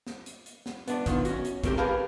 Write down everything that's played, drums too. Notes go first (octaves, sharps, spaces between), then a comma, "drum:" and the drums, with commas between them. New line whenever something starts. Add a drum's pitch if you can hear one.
drum: snare
drum: hi-hat
drum: hi-hat
drum: snare
B3 D4, drum: hi-hat
B1 D#3 B3 F4, drum: kick, hi-hat
C#4 F#4, drum: hi-hat
drum: hi-hat
A3 A#3 C4 G4 A#4, drum: kick, hi-hat
G4 G#4 A#4 B4 F5 A5